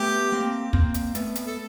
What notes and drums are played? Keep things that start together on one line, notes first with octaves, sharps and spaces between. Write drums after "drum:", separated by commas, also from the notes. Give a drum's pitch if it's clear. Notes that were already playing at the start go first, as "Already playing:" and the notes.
Already playing: A3 B3 G4
A#3 C4
A#3 C4, drum: kick
drum: hi-hat
A3 B3, drum: hi-hat
drum: hi-hat
A4